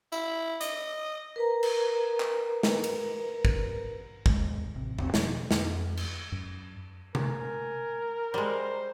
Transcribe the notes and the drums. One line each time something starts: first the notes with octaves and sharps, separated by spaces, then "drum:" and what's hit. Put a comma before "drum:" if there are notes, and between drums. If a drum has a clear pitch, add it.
E4, drum: tambourine
D#5, drum: hi-hat
A#4 B4 A#5
drum: cymbal
drum: clap
drum: snare
drum: cymbal
drum: kick
D#2 D#3 G#3, drum: kick
A1 C3
D1 B1 B2 C4, drum: tom E2
B2 D#3 F3 G3, drum: snare
F2, drum: snare
drum: cymbal
F#2
A#4 G#5, drum: tom C3
G3 G#3 C5